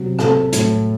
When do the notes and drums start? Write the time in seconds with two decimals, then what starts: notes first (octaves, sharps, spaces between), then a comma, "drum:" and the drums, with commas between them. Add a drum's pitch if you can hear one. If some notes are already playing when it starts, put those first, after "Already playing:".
Already playing: C3 F#3
0.19 C3 F#3 A4 A5, drum: rim click
0.52 A2 F#3, drum: hi-hat